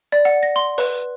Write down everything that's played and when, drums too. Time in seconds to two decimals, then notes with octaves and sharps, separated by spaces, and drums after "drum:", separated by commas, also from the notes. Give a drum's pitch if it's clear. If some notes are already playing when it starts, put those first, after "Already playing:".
0.12 D5
0.25 F#5
0.43 A#6
0.56 C6
0.78 B4, drum: open hi-hat